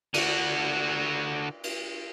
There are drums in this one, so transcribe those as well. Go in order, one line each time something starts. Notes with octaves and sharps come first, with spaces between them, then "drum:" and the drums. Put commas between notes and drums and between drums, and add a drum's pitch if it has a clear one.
D3 F#4, drum: cymbal
drum: cymbal